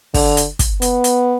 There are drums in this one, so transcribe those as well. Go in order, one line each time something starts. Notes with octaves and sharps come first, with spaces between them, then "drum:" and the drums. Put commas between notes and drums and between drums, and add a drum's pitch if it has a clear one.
D3, drum: kick, open hi-hat
drum: hi-hat
drum: kick, hi-hat
B3, drum: hi-hat
drum: hi-hat